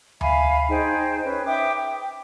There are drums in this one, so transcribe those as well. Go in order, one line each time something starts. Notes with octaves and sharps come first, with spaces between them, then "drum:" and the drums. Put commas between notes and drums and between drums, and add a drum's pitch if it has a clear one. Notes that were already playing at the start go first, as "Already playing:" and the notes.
E5 F5 G#5 B5, drum: tom D2
D#4 G#4 C5 G5
C#4 B4
E5 G5 D6 D#6
G5